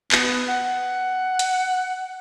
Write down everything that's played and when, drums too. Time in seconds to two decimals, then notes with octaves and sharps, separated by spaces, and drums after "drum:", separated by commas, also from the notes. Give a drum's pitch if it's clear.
0.12 B3, drum: clap
0.49 F#5
1.39 drum: hi-hat